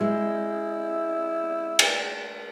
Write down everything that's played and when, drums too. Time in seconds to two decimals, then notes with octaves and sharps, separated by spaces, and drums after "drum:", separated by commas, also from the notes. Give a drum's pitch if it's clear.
0.01 G#3 E4
1.79 drum: cymbal